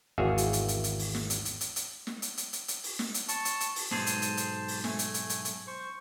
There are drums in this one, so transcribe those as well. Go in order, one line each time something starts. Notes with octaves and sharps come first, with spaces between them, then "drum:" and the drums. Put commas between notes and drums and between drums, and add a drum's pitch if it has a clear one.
G#1 E2 F#4 G#4 E5 F5
drum: hi-hat
drum: hi-hat
drum: hi-hat
drum: hi-hat
drum: open hi-hat
drum: snare
drum: hi-hat
drum: hi-hat
drum: hi-hat
drum: hi-hat
drum: snare
drum: hi-hat
drum: hi-hat
drum: hi-hat
drum: hi-hat
drum: open hi-hat
drum: snare
drum: hi-hat
A5 C#6, drum: hi-hat
drum: hi-hat
drum: hi-hat
drum: open hi-hat
B1 G#2 G#4 C5 A5, drum: snare
drum: hi-hat
drum: hi-hat
drum: hi-hat
drum: open hi-hat
A3 G#5, drum: snare
drum: hi-hat
drum: hi-hat
drum: hi-hat
drum: hi-hat
C5 C#6